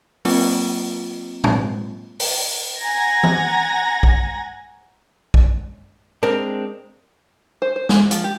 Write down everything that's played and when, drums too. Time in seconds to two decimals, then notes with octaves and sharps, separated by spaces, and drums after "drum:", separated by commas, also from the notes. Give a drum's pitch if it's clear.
0.25 F#3 A#3 C4 F4, drum: open hi-hat
1.44 drum: tom A2
2.20 drum: open hi-hat
2.80 F#5 G#5 A#5 G#6 A#6
3.23 drum: tom E3
4.03 drum: kick
5.34 drum: kick
6.23 G#3 C4 D4 A#4
7.62 C5
7.76 C5
7.89 G#3, drum: snare
8.11 F3, drum: hi-hat
8.24 G4